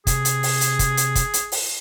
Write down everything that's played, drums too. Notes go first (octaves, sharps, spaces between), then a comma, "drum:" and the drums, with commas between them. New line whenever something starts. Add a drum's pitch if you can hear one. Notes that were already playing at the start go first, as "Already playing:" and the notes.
C3 G#4, drum: kick, hi-hat
drum: hi-hat
drum: open hi-hat
drum: hi-hat
drum: kick, hi-hat
drum: hi-hat
drum: kick, hi-hat
drum: hi-hat
drum: open hi-hat